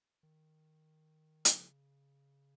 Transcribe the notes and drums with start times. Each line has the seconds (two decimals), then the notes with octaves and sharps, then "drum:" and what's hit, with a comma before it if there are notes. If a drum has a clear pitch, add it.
0.23 D#3
1.45 C#3, drum: hi-hat